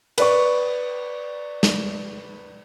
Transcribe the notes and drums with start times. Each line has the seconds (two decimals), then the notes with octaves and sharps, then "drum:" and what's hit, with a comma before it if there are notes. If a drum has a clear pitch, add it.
0.18 B4 D5 C#6, drum: cymbal
1.63 drum: snare